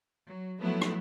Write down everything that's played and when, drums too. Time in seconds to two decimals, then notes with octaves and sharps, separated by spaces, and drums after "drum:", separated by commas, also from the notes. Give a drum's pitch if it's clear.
0.24 F#3
0.59 F3 F#3 A3 B3 E4
0.82 drum: rim click